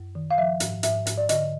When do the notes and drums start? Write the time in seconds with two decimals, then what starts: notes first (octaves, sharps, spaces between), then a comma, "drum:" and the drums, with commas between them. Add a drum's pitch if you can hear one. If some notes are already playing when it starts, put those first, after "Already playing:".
Already playing: F#2
0.15 D#3
0.31 F5
0.38 F3 E5
0.60 G#2, drum: hi-hat
0.83 G#2 E5, drum: hi-hat
1.07 G#2, drum: hi-hat
1.18 D5
1.29 D3 D#5, drum: hi-hat